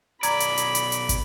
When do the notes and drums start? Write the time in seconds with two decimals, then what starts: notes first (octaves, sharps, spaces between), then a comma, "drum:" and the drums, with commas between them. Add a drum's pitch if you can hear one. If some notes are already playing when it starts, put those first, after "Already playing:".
0.23 B1 D5 A#5 B5 G#6, drum: hi-hat
0.40 drum: hi-hat
0.57 drum: hi-hat
0.75 drum: hi-hat
0.92 drum: hi-hat
1.09 drum: kick, hi-hat